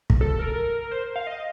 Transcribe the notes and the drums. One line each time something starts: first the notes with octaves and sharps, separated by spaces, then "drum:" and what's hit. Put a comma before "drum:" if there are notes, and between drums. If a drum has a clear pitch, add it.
drum: kick
A4
A#4
C5
F5
D#5